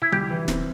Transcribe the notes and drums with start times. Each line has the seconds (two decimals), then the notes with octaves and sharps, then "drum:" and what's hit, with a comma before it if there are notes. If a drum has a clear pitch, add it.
0.02 E4
0.12 C2 G4, drum: tom D3
0.31 E3
0.48 C4, drum: snare